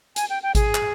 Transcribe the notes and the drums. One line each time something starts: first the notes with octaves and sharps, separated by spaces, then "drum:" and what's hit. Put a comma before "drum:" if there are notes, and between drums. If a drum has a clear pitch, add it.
G#5, drum: hi-hat
G5
G5
G#4, drum: kick G#1, hi-hat
drum: clap